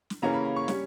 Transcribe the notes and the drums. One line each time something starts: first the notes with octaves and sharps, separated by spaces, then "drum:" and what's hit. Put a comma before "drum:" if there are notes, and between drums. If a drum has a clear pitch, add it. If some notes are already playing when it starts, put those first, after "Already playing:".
drum: snare
C#3 E3 A#3 C#4 A#5
B5
B5
C#6
G3 C#4, drum: snare